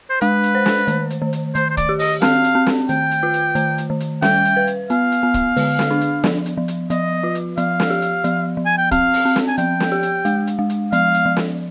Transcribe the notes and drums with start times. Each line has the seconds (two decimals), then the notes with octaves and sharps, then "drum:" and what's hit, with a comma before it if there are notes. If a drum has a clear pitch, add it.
0.10 C5
0.21 G#3 B4, drum: hi-hat
0.43 drum: hi-hat
0.55 C5
0.66 drum: snare
0.87 D#3, drum: hi-hat
1.10 drum: hi-hat
1.22 D#3
1.33 drum: hi-hat
1.55 D#3 C5, drum: hi-hat
1.71 C5
1.77 D5, drum: kick, hi-hat
1.89 G4
1.99 D#5, drum: open hi-hat
2.22 C4 F5, drum: snare
2.44 drum: hi-hat
2.55 C4
2.67 drum: snare
2.89 D#3 G5, drum: hi-hat
3.11 drum: hi-hat
3.23 F4
3.33 drum: hi-hat
3.55 D#3, drum: hi-hat
3.78 drum: hi-hat
3.90 D#3
4.00 drum: hi-hat
4.22 G3 G5, drum: snare
4.45 drum: hi-hat
4.57 B4
4.67 drum: hi-hat
4.90 B3 F5, drum: hi-hat
5.12 drum: hi-hat
5.23 B3
5.34 drum: kick, hi-hat
5.57 D3, drum: open hi-hat
5.79 drum: snare
5.91 D4
6.01 drum: hi-hat
6.24 F3, drum: snare
6.46 drum: hi-hat
6.58 F3
6.68 drum: hi-hat
6.90 F3 D#5, drum: hi-hat
7.24 F4
7.35 drum: hi-hat
7.57 F3 F5, drum: hi-hat
7.80 drum: snare
7.90 G4
8.02 drum: hi-hat
8.24 F3, drum: hi-hat
8.57 F3
8.66 G#5
8.78 G5
8.91 C4 F5, drum: kick, hi-hat
9.13 drum: open hi-hat
9.25 C4
9.36 drum: snare
9.48 G#5
9.58 F3 G5, drum: hi-hat
9.80 drum: snare
9.92 G4
10.03 drum: hi-hat
10.25 G#3, drum: hi-hat
10.47 drum: hi-hat
10.59 G#3
10.70 drum: hi-hat
10.93 F3 F5, drum: hi-hat
11.14 drum: hi-hat
11.26 F3
11.37 drum: snare